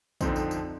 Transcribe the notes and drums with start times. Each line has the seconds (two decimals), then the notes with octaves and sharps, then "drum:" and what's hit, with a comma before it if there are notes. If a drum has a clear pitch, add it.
0.21 F2 D3 F3 C4 D#4, drum: kick, tambourine
0.36 drum: tambourine
0.51 drum: tambourine